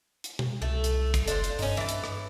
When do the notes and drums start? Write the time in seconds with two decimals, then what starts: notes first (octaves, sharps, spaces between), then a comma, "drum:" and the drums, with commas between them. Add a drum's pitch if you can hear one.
0.24 drum: hi-hat
0.39 drum: tom B2
0.62 C2 A3 A4
0.84 drum: hi-hat
1.14 drum: kick, hi-hat
1.28 F#1 D4 F4 C5, drum: hi-hat
1.44 drum: hi-hat
1.59 G2 C#4 D#4, drum: open hi-hat
1.77 E3 A5
1.89 drum: hi-hat
2.04 drum: rim click